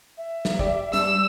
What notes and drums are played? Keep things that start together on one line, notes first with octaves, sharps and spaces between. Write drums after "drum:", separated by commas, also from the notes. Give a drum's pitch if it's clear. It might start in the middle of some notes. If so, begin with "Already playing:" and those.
E5
drum: snare
G4 D5, drum: kick
G3 D4 E6, drum: hi-hat